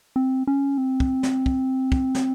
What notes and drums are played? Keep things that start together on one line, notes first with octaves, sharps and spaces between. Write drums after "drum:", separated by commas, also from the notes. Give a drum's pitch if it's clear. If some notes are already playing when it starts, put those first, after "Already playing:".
C4
C#4
C4
drum: kick
drum: snare
drum: kick
drum: kick
drum: snare